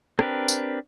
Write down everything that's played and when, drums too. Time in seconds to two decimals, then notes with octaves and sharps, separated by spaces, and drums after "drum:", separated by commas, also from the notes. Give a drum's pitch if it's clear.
0.19 C4 D4 G4 A#4 B4, drum: rim click
0.48 drum: tambourine